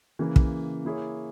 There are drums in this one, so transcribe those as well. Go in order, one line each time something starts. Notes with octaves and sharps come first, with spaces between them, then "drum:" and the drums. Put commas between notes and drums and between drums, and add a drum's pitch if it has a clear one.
C#3 E3 A#3
drum: kick
A#3 E4 G#4 C#5